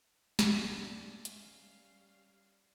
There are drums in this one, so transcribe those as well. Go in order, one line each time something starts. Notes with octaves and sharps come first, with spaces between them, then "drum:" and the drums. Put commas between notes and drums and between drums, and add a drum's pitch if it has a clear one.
C#4 D4 D5, drum: snare
drum: hi-hat
G3 F5